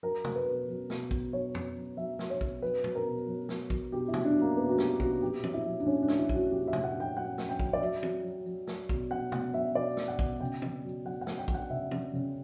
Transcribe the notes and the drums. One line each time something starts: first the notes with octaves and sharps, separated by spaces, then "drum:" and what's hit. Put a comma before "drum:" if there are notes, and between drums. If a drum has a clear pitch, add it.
F#3 A#4
F#3, drum: tom
B4
B2
F#3
B2, drum: snare
B2, drum: kick
F#3 C#5
F#3, drum: tom F2
F#3
F#3 E5
F#3, drum: snare
C#5
B2, drum: kick
F#3 B4
F#3, drum: tom A#2
A#4
B2
F#3
F#3, drum: snare
F#3, drum: kick
B2 G4
E4
F#3, drum: tom
D4
F#3
A#3
B2 B3
F#4
F#3 G4, drum: snare
B2 F#4, drum: kick
A#2 G4
F#3, drum: tom
E4
F#3
D4
A#2 C#4
D4
F#3, drum: snare
E4
F#3, drum: kick
F#4
A#2 G4
E5
F#3, drum: tom
F#5
A#2
G5
F#3 F#5
F#3, drum: snare
G5
F#3, drum: kick
D5
F#3 E5
F#3, drum: tom
F#3
F#3
F#3, drum: snare
B2, drum: kick
B2 F#5
B2 F#5, drum: tom
F#3 E5
B2 D5
B2, drum: snare
F#5
B2, drum: kick
C#3 G5
C#3, drum: tom
F#3
F#3 F#5
F#5
F#3, drum: snare
G5
F#3, drum: kick
F#5
C#3 E5
C#3, drum: tom
C#3